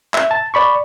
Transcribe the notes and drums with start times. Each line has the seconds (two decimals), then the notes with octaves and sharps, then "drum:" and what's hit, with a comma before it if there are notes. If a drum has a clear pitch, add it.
0.14 E5, drum: clap
0.31 A5
0.54 D5 B5 C#6